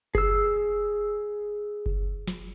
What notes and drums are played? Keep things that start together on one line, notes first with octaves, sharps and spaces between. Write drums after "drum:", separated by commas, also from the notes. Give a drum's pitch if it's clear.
G#4 E6, drum: kick F#1
drum: kick F#1
drum: snare